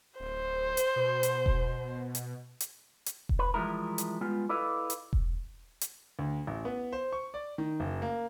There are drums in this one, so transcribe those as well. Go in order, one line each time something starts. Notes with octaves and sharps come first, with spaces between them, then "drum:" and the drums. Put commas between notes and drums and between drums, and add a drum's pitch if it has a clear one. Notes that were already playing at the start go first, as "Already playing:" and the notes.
D1 C5
drum: hi-hat
B2
drum: hi-hat
drum: kick E1
drum: hi-hat
drum: hi-hat
drum: hi-hat
drum: kick E1
B4
E3 F3 G3 G#3 E4 A#4
drum: hi-hat
G3 G#3 B3 F4
E4 A4 B4 D5 D#5 F5
drum: hi-hat
drum: kick E1
drum: hi-hat
D2
A1
B3
C5
C#6
D5
D#3
F#1
A#3